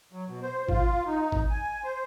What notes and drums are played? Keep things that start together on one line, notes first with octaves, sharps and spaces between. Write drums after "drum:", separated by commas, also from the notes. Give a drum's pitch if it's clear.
F#3
B2
C5
F4, drum: kick G#1
D#4
drum: kick G#1
G#5
C5